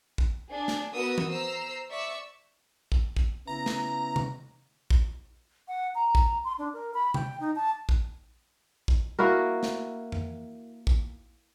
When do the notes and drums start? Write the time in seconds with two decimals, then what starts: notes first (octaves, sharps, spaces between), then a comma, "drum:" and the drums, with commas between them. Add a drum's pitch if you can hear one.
0.18 drum: kick
0.50 D4 G#4
0.68 drum: snare
0.93 B3 F#4 A#4 D#6 E6
1.18 drum: tom
1.30 C5 A#5 E6 C7
1.88 D5 E5 C#6 E6
2.92 drum: kick
3.17 drum: kick
3.47 C#3 B3 E4 A#5
3.66 drum: snare
4.16 drum: tom
4.90 drum: kick
5.68 F#5
5.95 A#5
6.15 drum: kick
6.44 C6
6.59 D4
6.74 A#4
6.94 B5
7.14 G5, drum: tom
7.40 D#4
7.56 A5
7.89 drum: kick
8.88 drum: kick
9.19 A#3 E4 F#4 A#4
9.63 drum: snare
10.12 drum: tom F2
10.87 drum: kick